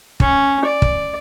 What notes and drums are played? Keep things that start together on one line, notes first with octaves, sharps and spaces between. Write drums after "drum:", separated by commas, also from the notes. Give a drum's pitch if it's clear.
C#4, drum: kick
D5
drum: kick